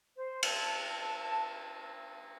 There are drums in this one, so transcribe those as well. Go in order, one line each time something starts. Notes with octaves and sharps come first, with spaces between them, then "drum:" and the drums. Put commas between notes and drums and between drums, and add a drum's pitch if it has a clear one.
C5
A5, drum: cymbal